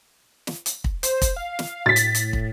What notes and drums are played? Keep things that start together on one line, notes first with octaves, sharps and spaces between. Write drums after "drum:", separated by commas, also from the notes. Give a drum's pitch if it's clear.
drum: snare
drum: hi-hat
drum: kick
C5, drum: hi-hat
drum: kick, hi-hat
F5
drum: snare
A2 A6 B6
drum: hi-hat
drum: hi-hat
drum: kick